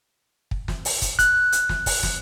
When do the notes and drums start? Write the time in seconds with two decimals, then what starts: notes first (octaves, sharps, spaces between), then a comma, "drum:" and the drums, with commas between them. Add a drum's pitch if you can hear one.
0.51 drum: kick
0.68 drum: snare
0.85 drum: open hi-hat
1.02 drum: kick, hi-hat
1.19 F#6, drum: kick, hi-hat
1.52 drum: hi-hat
1.69 drum: snare
1.86 drum: kick, open hi-hat
2.03 drum: snare